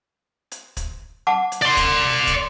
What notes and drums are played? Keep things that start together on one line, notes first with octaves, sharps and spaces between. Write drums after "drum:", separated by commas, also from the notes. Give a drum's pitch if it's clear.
drum: hi-hat
drum: kick, hi-hat
F#5 A5 D6
drum: hi-hat
D5 C6
drum: kick, hi-hat
drum: kick, hi-hat